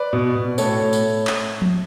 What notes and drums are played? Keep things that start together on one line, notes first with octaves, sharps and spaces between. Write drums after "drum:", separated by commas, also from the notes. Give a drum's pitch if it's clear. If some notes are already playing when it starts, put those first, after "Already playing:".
Already playing: B4 D5
B2
B2
A2 A4 C#5, drum: tambourine
A2
drum: tambourine
A2
drum: clap
drum: tom F3